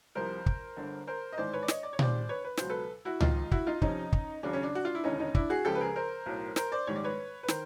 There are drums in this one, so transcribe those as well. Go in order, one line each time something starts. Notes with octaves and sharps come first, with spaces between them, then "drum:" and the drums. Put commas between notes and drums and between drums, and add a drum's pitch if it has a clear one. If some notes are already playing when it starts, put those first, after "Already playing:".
C2 C3 F3 A#4 C5
drum: kick
G1 G2 D3
A#4 C5
D#5
A1 G#2 D#3 C5 D5
B4 C#5
D5
C#5 D#5, drum: snare
D5
C#5
C#2 C3 D#3 C5 D5, drum: tom A#2
B4 C#5
B4
C#2 B2 F#3 C5, drum: snare
A4 B4
E4 F#4
G#1 G#2 D#3 D#4 F4, drum: tom C#2
E4 F#4, drum: kick
D#4 F4
F2 C3 F3 C#4 D#4, drum: kick
drum: kick
D#2 C#3 F#3 D4
C#4
D4
F#4
F4
E4
E1 D#2 D3 C#4 D#4
C#4 D#4
D4 E4, drum: kick
F#4 G#4
C#2 C#3 F3 G4 A4
B4
G#4 A#4
A#4 C5
B1 A2 F#3
A#4 C5, drum: snare
C5 D5
A#1 G#2 D#3 G3 C#5
D5
B4 C#5
B4
D#3 A#4 C5, drum: snare